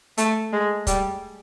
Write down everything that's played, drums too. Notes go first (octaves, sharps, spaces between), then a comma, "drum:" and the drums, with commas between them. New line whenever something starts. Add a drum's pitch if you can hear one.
A3, drum: hi-hat
G#3
G3, drum: kick, hi-hat